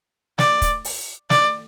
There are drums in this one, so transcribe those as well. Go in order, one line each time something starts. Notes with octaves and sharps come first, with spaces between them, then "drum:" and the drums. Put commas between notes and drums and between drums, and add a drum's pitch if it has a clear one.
D5, drum: snare
drum: kick, hi-hat
drum: open hi-hat
D5, drum: snare